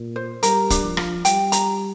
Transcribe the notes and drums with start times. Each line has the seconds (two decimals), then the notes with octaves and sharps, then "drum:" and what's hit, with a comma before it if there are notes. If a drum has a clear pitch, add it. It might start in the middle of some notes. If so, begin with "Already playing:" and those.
Already playing: A#2
0.16 C5
0.43 G3 A#4, drum: hi-hat
0.70 D4, drum: kick, hi-hat
0.84 F3
0.97 F4, drum: rim click
1.25 G3 G5, drum: hi-hat
1.52 A#5, drum: hi-hat